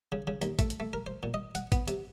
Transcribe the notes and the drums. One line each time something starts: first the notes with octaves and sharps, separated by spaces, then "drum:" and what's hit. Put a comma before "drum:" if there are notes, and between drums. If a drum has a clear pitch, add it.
C#3
C#3
D#2, drum: hi-hat
A3, drum: kick, hi-hat
drum: hi-hat
A3
A#4
C5
A#2
D#5
F#5, drum: hi-hat
B3, drum: kick, hi-hat
C3, drum: hi-hat